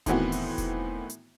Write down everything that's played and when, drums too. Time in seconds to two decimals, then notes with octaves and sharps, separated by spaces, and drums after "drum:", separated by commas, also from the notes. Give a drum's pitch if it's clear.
0.06 A2 D#3 E3 B3 C4 F#4, drum: kick E1, hi-hat
0.32 drum: open hi-hat
0.58 drum: kick E1, hi-hat
1.10 drum: hi-hat